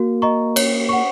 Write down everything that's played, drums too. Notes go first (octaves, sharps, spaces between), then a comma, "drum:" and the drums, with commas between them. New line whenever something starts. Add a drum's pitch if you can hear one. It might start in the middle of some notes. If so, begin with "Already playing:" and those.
Already playing: A#3 F#4
D#5 A#5 C#6
C#5, drum: cymbal
F#5 C#6